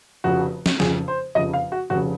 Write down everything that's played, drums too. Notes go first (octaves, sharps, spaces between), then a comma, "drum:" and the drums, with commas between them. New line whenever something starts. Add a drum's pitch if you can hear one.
F1 F2 C#3 F#4
drum: snare
F1 F2 C#3 G#4, drum: snare
C5
F1 F2 C#3 D#5
F5
F#4
F1 C#3 F#4